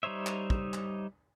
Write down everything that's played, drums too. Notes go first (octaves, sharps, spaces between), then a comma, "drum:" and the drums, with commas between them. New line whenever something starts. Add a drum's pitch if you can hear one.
G3 D#4 C5 C#5 E5
drum: clap
drum: kick
drum: clap